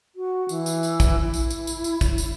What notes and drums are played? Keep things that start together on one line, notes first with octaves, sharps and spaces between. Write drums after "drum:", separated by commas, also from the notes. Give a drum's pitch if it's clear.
F#4
E3, drum: tambourine
drum: tambourine
drum: tambourine
drum: kick, tambourine
E4
drum: tambourine
drum: tambourine
drum: tambourine
drum: tambourine
drum: kick, tambourine
drum: tambourine